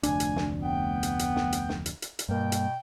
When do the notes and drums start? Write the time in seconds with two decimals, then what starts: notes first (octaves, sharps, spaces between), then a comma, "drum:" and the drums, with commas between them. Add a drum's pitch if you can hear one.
0.03 F1 D2 D4 G#5, drum: hi-hat
0.20 drum: hi-hat
0.36 drum: snare
0.62 B3 G5
1.03 drum: hi-hat
1.19 drum: hi-hat
1.36 drum: snare
1.53 drum: hi-hat
1.69 drum: snare
1.86 drum: hi-hat
2.02 drum: hi-hat
2.19 drum: hi-hat
2.29 G2 B2 A#3 G5
2.52 drum: hi-hat